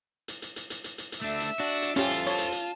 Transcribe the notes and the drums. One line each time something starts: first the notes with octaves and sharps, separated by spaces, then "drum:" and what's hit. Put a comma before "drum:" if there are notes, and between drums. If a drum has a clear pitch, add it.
drum: hi-hat
drum: hi-hat
drum: hi-hat
drum: hi-hat
drum: hi-hat
drum: hi-hat
drum: hi-hat
A3 D4 E5
drum: hi-hat
D4 F#4
drum: hi-hat
C#4 F4 G4 A4 C5, drum: hi-hat
drum: hi-hat
C#5 A5, drum: hi-hat
drum: hi-hat
drum: hi-hat